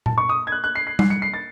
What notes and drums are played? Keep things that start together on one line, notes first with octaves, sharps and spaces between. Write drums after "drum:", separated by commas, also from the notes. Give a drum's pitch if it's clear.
A5, drum: tom A#2
C#6
D#6
G#6
F#6
F#6
C7
C7
C7, drum: tom G3
C#7
C7
A6